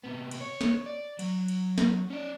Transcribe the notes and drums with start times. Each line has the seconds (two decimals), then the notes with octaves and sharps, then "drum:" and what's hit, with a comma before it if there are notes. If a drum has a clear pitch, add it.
0.04 C3 B3
0.31 drum: cymbal
0.41 C#5
0.61 drum: snare
0.86 D5
1.19 F#3, drum: cymbal
1.48 drum: cymbal
1.78 drum: snare
2.10 C#4 D5